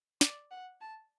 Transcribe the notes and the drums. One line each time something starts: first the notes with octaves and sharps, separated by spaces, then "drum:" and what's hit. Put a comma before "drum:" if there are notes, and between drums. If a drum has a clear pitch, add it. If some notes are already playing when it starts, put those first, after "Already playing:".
D5, drum: snare
F#5
A5